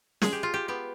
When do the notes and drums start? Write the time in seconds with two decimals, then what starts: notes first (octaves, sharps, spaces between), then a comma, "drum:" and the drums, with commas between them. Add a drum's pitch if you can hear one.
0.22 G#3 G#4, drum: snare
0.33 G4
0.43 F4
0.54 G4
0.68 B3 G4